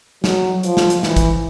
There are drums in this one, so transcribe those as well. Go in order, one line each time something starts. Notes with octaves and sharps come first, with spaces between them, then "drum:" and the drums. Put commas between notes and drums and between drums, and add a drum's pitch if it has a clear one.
F#3, drum: snare
F3, drum: hi-hat
drum: snare
drum: hi-hat
E3, drum: snare
drum: kick, hi-hat